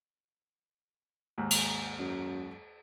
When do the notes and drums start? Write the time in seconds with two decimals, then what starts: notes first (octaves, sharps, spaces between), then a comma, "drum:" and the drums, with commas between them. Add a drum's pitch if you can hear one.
1.38 D#2 G#2
1.50 drum: cymbal
1.99 F#2